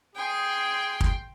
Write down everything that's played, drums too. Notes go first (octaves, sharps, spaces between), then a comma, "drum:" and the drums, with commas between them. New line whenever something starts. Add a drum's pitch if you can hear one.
G#4 G5 C6
drum: kick